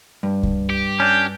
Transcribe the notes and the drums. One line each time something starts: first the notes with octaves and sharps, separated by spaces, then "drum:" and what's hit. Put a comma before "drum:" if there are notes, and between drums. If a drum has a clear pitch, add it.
G2
drum: kick C#2
G4
C#4 D4 G6